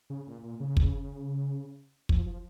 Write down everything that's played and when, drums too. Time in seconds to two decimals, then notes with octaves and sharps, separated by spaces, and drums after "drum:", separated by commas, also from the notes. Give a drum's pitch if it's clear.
0.10 C#3
0.27 A#2
0.43 A#2
0.60 C#3
0.77 drum: kick
2.09 F3, drum: kick
2.26 F3